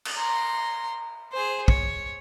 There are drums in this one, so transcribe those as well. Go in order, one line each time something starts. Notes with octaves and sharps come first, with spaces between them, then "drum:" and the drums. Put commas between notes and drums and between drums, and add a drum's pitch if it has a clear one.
drum: cymbal
A#5 C6
G#4 C5
C#5, drum: kick